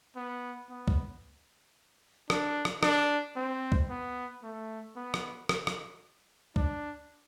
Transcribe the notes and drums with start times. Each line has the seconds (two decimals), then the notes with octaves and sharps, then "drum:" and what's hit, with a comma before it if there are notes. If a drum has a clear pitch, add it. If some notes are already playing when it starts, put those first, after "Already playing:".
0.16 B3
0.70 B3
0.88 drum: kick
2.30 D4, drum: rim click
2.65 drum: rim click
2.83 D4, drum: rim click
3.36 C4
3.72 drum: kick
3.89 B3
4.43 A3
4.96 B3
5.14 drum: rim click
5.49 drum: rim click
5.67 drum: rim click
6.56 D4, drum: kick